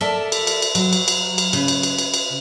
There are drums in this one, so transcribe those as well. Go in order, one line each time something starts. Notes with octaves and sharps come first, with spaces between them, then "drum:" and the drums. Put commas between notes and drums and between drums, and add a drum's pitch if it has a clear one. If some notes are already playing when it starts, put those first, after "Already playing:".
A4 A#4 D5 E5 A5
drum: cymbal
drum: cymbal
drum: cymbal
F#3, drum: cymbal
drum: cymbal
drum: cymbal
drum: cymbal
C#3 B4, drum: cymbal
drum: cymbal
drum: cymbal
drum: cymbal
drum: cymbal